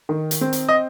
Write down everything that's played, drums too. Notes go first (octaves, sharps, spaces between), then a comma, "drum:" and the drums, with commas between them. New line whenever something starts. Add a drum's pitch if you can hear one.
D#3
drum: hi-hat
C4
drum: hi-hat
D#5